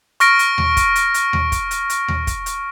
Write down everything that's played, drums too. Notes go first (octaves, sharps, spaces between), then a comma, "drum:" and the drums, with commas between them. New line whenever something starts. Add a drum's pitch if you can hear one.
C#6 F6 A#6 D7, drum: hi-hat
drum: hi-hat
drum: tom D#2
drum: kick, hi-hat
drum: hi-hat
drum: hi-hat
drum: tom D#2
drum: kick, hi-hat
drum: hi-hat
drum: hi-hat
drum: tom D#2
drum: kick, hi-hat
drum: hi-hat